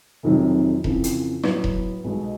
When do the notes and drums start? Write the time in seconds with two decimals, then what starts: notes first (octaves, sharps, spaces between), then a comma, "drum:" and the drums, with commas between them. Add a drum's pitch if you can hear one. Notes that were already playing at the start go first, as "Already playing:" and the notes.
0.23 F1 F2 C3 D#3 F#3
0.84 F2 C#3 E3, drum: kick E1
1.04 drum: hi-hat
1.43 A2 F#3 B3, drum: rim click
1.64 drum: kick E1
2.04 B1 B2 G#3